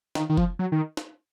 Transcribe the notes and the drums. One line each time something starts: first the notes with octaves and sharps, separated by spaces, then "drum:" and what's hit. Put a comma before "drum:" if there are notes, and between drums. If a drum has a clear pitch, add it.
D#3, drum: snare
D#3
F3, drum: kick
F#3
D#3
drum: snare